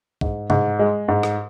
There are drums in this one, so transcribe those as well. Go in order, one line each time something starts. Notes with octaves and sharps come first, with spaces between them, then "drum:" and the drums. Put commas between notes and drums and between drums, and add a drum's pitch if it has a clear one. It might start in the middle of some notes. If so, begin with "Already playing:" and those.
G#2, drum: kick B1
G#2, drum: tom C3
G#3
G#2
drum: rim click